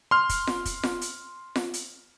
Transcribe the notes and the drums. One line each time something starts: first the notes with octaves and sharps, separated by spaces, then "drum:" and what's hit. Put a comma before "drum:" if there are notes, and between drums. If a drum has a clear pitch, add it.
C6 F6
drum: kick, hi-hat
drum: snare F4
drum: kick, hi-hat
drum: snare F4
drum: hi-hat
drum: snare F4
drum: hi-hat